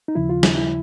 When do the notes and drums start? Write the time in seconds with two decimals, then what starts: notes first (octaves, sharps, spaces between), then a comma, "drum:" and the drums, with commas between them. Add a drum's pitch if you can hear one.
0.08 D#4
0.15 D#2 C#3 F3 E4
0.29 F4
0.43 E4, drum: snare
0.58 E4